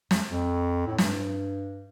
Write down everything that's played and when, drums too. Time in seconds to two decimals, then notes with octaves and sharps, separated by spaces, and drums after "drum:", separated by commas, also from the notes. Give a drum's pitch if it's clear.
0.11 F2, drum: snare
0.28 F2
0.87 A2
0.98 G2, drum: snare